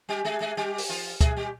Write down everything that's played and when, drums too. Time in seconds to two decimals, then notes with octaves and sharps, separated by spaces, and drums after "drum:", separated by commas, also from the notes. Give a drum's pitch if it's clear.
0.09 G3 G4
0.25 G#3 G#4
0.40 G#3 G#4
0.57 G3 G4
0.78 drum: open hi-hat
0.89 F3 F4
1.21 G#3 G#4, drum: kick, hi-hat
1.37 G3 G4